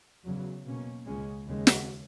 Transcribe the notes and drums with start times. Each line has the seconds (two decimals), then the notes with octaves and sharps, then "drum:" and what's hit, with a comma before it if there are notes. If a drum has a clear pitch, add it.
0.25 E2 C#3 F#3
0.66 B2 A#3 C#4
1.06 C#2 C#3 G#3 C#4
1.47 D#2 C#3 G#3
1.67 drum: snare